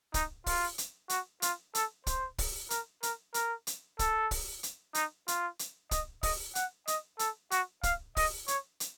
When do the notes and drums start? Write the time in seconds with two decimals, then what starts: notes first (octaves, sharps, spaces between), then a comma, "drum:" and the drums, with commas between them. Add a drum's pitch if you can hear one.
0.14 D#4, drum: kick, hi-hat
0.46 F4, drum: kick, open hi-hat
0.78 drum: hi-hat
1.09 F#4, drum: hi-hat
1.42 F4, drum: hi-hat
1.75 A4, drum: hi-hat
2.07 C5, drum: kick, hi-hat
2.38 drum: kick, open hi-hat
2.70 A#4, drum: hi-hat
3.03 A#4, drum: hi-hat
3.34 A#4, drum: hi-hat
3.67 drum: hi-hat
3.99 A4, drum: kick, hi-hat
4.31 drum: kick, open hi-hat
4.63 drum: hi-hat
4.95 D#4, drum: hi-hat
5.28 F4, drum: hi-hat
5.59 drum: hi-hat
5.91 D#5, drum: kick, hi-hat
6.23 D#5, drum: kick, open hi-hat
6.55 F#5, drum: hi-hat
6.87 D#5, drum: hi-hat
7.19 A4, drum: hi-hat
7.51 F#4, drum: hi-hat
7.83 F5, drum: kick, hi-hat
8.17 D#5, drum: kick, open hi-hat
8.48 C#5, drum: hi-hat
8.80 drum: hi-hat